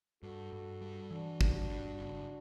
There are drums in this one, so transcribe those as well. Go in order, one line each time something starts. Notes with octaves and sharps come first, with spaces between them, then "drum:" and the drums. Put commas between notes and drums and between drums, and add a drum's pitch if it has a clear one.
G2 F#4 A4
G2
G3
E3 D4 F#4
G2, drum: kick
G2
F#1